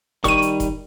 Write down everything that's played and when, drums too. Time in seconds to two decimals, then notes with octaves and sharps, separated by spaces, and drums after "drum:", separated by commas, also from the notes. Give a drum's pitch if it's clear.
0.24 D#3 G3 C#6 D#7, drum: kick F1, hi-hat
0.42 drum: hi-hat
0.60 drum: kick F1, hi-hat